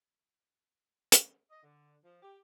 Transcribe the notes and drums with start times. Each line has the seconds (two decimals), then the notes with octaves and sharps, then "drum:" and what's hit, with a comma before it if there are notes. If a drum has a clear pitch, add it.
1.12 drum: hi-hat
1.51 D#5
1.63 D3
2.04 F3
2.22 G4